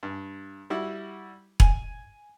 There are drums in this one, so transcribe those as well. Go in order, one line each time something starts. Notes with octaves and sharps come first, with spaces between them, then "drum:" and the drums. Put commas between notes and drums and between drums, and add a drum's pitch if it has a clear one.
G2
G3 E4 F#4
G#5, drum: kick E1